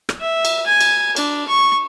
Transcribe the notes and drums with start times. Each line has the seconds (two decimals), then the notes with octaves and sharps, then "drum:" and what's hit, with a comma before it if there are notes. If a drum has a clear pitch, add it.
0.09 drum: rim click
0.20 E5
0.45 drum: cymbal
0.66 G#5
0.81 drum: cymbal
1.16 D4, drum: cymbal
1.48 C#6